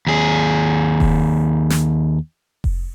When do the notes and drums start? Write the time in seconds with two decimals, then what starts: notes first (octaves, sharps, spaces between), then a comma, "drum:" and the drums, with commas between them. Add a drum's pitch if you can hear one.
0.07 D#2 G#4
1.00 drum: kick F1
1.70 drum: snare
2.64 drum: kick F1